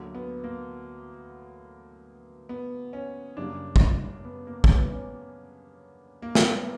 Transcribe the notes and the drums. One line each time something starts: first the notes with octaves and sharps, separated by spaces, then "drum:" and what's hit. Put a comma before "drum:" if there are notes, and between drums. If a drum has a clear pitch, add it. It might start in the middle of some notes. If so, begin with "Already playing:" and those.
Already playing: D2 D3 F#3 A#3
B3
A#3
B3
C#4
F#2 C#3 G3 A#3 D4
drum: kick
B3
A#3
C#4, drum: kick
B3
C#4
A#3
drum: snare
B3